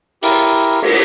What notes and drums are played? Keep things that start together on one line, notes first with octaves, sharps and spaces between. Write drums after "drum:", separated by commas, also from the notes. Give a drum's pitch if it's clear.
E4 G4 A#4, drum: open hi-hat
drum: cymbal